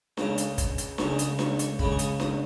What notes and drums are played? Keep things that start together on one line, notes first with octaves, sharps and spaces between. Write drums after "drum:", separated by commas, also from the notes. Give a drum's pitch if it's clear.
C#2 C#3 G#3, drum: snare D4
drum: hi-hat
drum: kick, hi-hat
drum: hi-hat
C#2 C#3 G#3 C#6, drum: snare D4
D#6, drum: hi-hat
C#6, drum: snare D4
C#6, drum: hi-hat
C#2 C#3 G#3 B5, drum: kick
C#6
D#6, drum: hi-hat
D#6, drum: snare D4